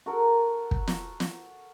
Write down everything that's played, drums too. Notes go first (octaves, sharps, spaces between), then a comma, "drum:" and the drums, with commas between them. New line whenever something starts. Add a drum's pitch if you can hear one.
F#4 A4 A#4
drum: kick
drum: snare
drum: snare